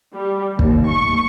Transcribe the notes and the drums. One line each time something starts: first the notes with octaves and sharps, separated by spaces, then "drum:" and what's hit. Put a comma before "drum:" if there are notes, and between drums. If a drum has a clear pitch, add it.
G3
D#2, drum: kick
C#6